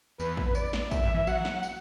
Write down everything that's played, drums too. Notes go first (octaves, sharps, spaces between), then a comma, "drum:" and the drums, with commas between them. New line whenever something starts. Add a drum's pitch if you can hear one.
E2 B4, drum: tambourine
drum: kick
D5, drum: tambourine
drum: snare
F#2 E5, drum: kick, tambourine
G2
E3
F#3 F#5, drum: tambourine
drum: snare
drum: tambourine